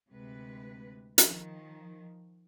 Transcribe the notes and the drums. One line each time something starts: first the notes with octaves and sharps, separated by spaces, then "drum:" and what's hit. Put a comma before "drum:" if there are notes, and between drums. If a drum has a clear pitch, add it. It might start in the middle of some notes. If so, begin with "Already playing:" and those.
D2 C3 G#3 B4
D#3 F3, drum: hi-hat